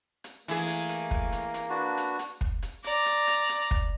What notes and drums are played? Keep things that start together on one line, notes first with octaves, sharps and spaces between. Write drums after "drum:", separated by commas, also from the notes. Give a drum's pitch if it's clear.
drum: hi-hat
E3 A3 A#3 G#4, drum: hi-hat
drum: hi-hat
drum: hi-hat
drum: kick
drum: hi-hat
drum: hi-hat
D4 F#4 B4 A5
drum: hi-hat
drum: hi-hat
drum: kick
drum: hi-hat
D5 A#5, drum: hi-hat
drum: hi-hat
drum: hi-hat
drum: hi-hat
drum: kick